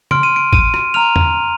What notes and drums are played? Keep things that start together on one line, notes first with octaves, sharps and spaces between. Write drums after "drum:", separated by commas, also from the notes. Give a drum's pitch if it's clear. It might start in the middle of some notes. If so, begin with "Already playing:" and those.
C6 F6 D7, drum: tom
D#7
D7
D#7, drum: kick A1
drum: rim click
A#5 F6 F7
drum: tom E2